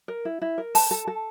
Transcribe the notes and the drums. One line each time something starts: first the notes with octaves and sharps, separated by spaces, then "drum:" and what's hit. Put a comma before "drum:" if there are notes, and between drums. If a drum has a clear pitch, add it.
A#4
E4
E4
A#4
A5, drum: open hi-hat
A4
A4